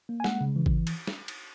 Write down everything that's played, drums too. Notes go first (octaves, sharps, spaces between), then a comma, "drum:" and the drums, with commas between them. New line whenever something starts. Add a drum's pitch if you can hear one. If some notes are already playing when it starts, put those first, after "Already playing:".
A#3
G#5
G#3 F#5, drum: snare
C#3
E3
drum: kick G#1
drum: cymbal
drum: snare
drum: cymbal